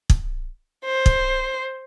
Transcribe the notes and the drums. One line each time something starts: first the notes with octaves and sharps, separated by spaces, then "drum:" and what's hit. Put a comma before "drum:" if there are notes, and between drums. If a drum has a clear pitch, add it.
drum: kick
C5
drum: kick